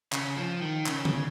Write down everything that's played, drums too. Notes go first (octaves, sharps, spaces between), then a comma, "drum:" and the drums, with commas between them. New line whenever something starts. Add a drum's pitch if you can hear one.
C#3, drum: clap
F3
D#3
C#3, drum: clap
drum: tom D3